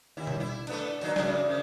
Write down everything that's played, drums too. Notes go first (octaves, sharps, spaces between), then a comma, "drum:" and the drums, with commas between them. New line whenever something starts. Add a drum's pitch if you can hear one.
D#2 E4
drum: tom B2
E4
A3 B3 D4, drum: cymbal
A#2 F#3 D#4, drum: open hi-hat
F#2 C#3 D4, drum: snare
C#3 F3